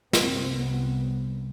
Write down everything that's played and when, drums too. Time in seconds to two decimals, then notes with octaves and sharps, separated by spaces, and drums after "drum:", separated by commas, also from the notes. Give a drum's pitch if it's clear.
0.13 C2 C3 C4, drum: snare
0.55 B3